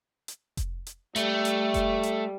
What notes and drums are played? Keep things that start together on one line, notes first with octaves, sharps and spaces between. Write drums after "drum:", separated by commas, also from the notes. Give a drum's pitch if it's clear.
drum: hi-hat
drum: kick F1, hi-hat
drum: hi-hat
G3 A3, drum: hi-hat
drum: hi-hat
drum: kick F1, hi-hat
drum: hi-hat